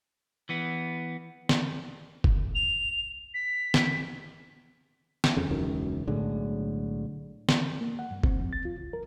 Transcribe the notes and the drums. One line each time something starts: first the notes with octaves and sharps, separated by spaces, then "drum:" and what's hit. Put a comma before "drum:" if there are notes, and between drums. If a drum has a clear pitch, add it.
E3 B3
drum: snare
drum: kick F#1
F7
B6
drum: snare
drum: snare
F2 C#3
E1 C#2 F#2 D#3
B1 A2 D3 G#3
drum: snare
A#3
F#5
G2
C4, drum: kick F#1
F2
A6
F4
C#2
A#4